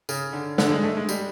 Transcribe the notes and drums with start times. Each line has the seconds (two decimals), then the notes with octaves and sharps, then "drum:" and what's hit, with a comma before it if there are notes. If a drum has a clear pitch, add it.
0.09 C#3, drum: tambourine
0.33 D3
0.58 D3, drum: snare
0.71 G#3
0.83 A3
0.97 G#3
1.09 G3, drum: tambourine